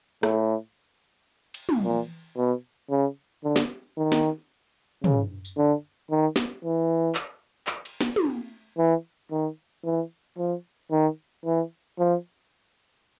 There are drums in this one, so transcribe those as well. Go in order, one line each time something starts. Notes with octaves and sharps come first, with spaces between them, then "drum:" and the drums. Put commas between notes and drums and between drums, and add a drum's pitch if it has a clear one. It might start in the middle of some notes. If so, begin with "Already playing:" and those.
A2, drum: rim click
drum: cymbal
drum: tom
A#2
B2
C#3
D3
drum: snare
D#3
drum: snare
C#3, drum: tom
drum: tambourine
D3
D#3
drum: snare
E3
drum: clap
drum: clap
drum: cymbal
drum: snare
drum: tom
E3
D#3
E3
F3
D#3
E3
F3